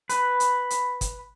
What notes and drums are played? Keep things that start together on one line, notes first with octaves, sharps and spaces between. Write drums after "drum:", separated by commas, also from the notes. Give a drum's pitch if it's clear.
B4, drum: hi-hat
drum: hi-hat
drum: hi-hat
drum: kick, hi-hat